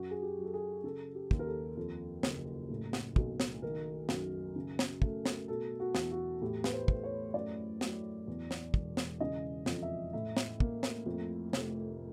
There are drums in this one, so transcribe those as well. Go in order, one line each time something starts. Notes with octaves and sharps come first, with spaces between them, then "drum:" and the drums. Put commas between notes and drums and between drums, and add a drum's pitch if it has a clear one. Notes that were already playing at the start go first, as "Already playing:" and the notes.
Already playing: F#2 F#4
G#4
G4
F#3
A4
G#4
C#3 A4
G4
D#2, drum: kick
A#4
A4
F2 A4
F#1, drum: snare
A2
drum: snare
B1, drum: kick
drum: snare
D#3 A#4
F#2, drum: snare
C#3
drum: snare
A3, drum: kick
drum: snare
B2 A4
F#4
E2, drum: snare
F#4
A2 G4
B4, drum: snare
C5
A3, drum: kick
C#5
F#2 D5
F#3, drum: snare
E2
drum: snare
E1, drum: kick
drum: snare
C#3 D#5
F2, drum: snare
E5
A2 E5
drum: snare
A#3, drum: kick
drum: snare
F2
F1, drum: snare